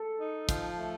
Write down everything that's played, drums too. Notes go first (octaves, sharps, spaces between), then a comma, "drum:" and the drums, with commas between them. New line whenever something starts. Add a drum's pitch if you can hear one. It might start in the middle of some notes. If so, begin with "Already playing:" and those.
Already playing: A4
D#4
F3, drum: kick, hi-hat
A3